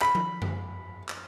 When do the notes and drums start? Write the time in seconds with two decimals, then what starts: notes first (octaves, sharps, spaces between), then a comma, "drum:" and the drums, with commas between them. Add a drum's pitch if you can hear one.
0.01 B5, drum: clap
0.15 drum: tom F3
0.42 drum: tom F#2
1.09 drum: clap